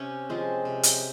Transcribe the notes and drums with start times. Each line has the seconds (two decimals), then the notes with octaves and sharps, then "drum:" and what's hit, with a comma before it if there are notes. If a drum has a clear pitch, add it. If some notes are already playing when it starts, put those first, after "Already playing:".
Already playing: C3 C#4
0.29 F3 G#3 C4
0.65 C3
0.83 drum: hi-hat